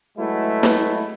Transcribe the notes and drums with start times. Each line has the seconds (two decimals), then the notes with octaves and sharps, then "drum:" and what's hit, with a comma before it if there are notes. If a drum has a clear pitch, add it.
0.18 F#3 G#3 A3 E4 F#4 B4
0.63 drum: snare